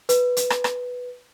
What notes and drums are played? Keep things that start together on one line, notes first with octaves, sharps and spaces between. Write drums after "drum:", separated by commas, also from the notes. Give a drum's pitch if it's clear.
B4, drum: hi-hat
drum: hi-hat
drum: rim click
drum: rim click